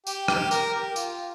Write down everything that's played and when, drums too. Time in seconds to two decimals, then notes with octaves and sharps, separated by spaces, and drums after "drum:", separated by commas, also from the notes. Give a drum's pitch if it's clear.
0.07 G4, drum: tambourine
0.28 G4, drum: rim click
0.51 A#4, drum: tambourine
0.74 G4
0.96 F4, drum: tambourine